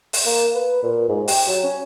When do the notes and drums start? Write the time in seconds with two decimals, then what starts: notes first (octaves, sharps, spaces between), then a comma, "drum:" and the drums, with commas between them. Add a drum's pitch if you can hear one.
0.13 drum: open hi-hat
0.26 A#3
0.55 B4
0.83 A#2
1.09 G#2
1.28 G4, drum: open hi-hat
1.48 F#3
1.64 C#4